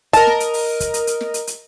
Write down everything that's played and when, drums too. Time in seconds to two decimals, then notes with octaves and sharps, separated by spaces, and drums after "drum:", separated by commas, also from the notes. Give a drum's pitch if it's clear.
0.13 A#4 D#5 A5, drum: kick, hi-hat
0.27 drum: snare
0.40 drum: hi-hat
0.54 drum: open hi-hat
0.80 drum: kick, hi-hat
0.94 drum: hi-hat
1.07 drum: hi-hat
1.21 drum: snare
1.34 drum: hi-hat
1.47 drum: hi-hat